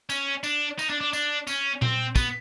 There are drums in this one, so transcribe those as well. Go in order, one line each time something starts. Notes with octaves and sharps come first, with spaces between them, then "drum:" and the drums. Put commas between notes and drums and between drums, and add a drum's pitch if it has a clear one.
C#4, drum: tambourine
D4, drum: tambourine
D#4, drum: tambourine
D4
D4
D4, drum: tambourine
C#4, drum: tambourine
C4, drum: tom A#2
B3, drum: kick, tambourine